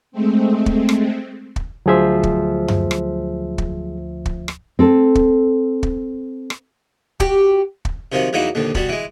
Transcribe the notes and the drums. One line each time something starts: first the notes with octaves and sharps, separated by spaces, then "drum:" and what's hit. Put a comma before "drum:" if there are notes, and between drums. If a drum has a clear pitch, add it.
G#3 A3 C4
drum: kick
drum: rim click
drum: kick
D2 F3 F#3 G#4 C5 E5
drum: kick
drum: tom F#2
drum: rim click
drum: kick
drum: kick
drum: rim click
C4 A4
drum: kick
drum: kick
drum: rim click
F#4 G4, drum: kick
drum: kick
C3 D#3 F3 F#3
E2 E3 F#3 A#3 D#4 E4
A#1 D#2 D3
B2 F#3 G3, drum: kick
E3 G#3